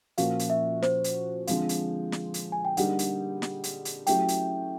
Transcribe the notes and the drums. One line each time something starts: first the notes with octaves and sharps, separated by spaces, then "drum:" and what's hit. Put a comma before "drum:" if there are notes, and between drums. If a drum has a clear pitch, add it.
A#2 F3 A#3 C#4 F#4 F5, drum: hi-hat
drum: hi-hat
E5
C5, drum: snare
drum: hi-hat
D3 F3 G#3 C4 F5, drum: hi-hat
drum: hi-hat
drum: snare
drum: hi-hat
G#5
G5
D3 G3 A#3 D#4 G#4 F#5, drum: hi-hat
drum: hi-hat
drum: snare
drum: hi-hat
drum: hi-hat
F#3 A3 C#4 E4 G4 G5, drum: hi-hat
drum: hi-hat